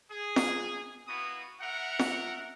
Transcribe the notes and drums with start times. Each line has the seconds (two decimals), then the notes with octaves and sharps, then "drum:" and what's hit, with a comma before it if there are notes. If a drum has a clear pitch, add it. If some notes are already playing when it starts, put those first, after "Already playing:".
0.11 G#4
0.36 drum: snare F4
1.08 A#3 B3 E4 F#4 D#6
1.61 A#4 E5 F#5
1.99 drum: snare F4